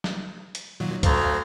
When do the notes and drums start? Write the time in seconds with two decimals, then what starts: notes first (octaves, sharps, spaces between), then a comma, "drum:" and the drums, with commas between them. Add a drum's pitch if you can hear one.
0.04 drum: snare
0.55 drum: hi-hat
0.80 A#2 D#3 F#3
1.03 D2 C5 F5 A#5, drum: kick C#2, hi-hat